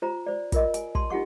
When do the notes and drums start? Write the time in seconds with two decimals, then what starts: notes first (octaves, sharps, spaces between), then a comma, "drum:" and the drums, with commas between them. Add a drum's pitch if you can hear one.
0.02 F4 C5 A#5
0.26 C5 D5
0.52 F4 A#4 D#5, drum: kick, hi-hat
0.74 G#5, drum: hi-hat
0.95 A5 C6, drum: kick
1.10 D#4 F4 G4 F#5 C#6